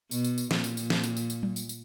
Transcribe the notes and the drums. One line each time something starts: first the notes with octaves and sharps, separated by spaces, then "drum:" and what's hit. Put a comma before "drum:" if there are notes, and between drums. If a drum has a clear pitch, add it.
B2, drum: tambourine
drum: tambourine
drum: tambourine
A#2, drum: snare
drum: tambourine
drum: tambourine
drum: snare
drum: tambourine
drum: tambourine
drum: tambourine
drum: tom F#3
drum: tambourine
drum: tambourine